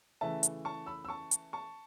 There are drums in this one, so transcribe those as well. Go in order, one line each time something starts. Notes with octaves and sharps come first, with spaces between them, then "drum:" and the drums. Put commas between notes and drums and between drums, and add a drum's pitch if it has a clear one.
C#3 E3 A3 E5 A5
drum: hi-hat
A5 C#6
B5 E6
E6
A5 C#6
drum: hi-hat
A5 C#6